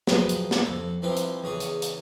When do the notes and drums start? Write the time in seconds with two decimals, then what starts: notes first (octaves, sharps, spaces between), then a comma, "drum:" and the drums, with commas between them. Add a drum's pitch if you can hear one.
0.07 F3 F#3 B3 G#4 G5, drum: snare
0.29 drum: hi-hat
0.51 drum: snare
0.65 F2 A4
1.02 C2 F3 B3 C4 E4 G5
1.17 drum: hi-hat
1.43 E2 C#3 G#4 C#5
1.60 drum: hi-hat
1.82 drum: hi-hat